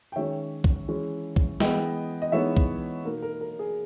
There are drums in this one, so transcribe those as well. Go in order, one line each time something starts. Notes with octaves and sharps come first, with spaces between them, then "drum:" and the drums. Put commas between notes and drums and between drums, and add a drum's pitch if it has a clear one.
G5
D#3 G#3 C#4 C#5 E5
drum: kick C2
E3 G#3 C#4
drum: kick C2
E3 G#3 B3 D#5 G5, drum: snare
D#5
E3 G#3 B3 D#4 C#5 E5
drum: kick C2
B2 A#3 D#4 A#4
A#4
A#4
G#4